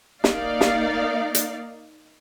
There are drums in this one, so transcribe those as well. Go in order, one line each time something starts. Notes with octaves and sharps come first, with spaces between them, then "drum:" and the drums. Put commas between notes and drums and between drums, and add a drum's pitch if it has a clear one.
A#3 D#4 D5 F5, drum: snare
drum: snare
drum: hi-hat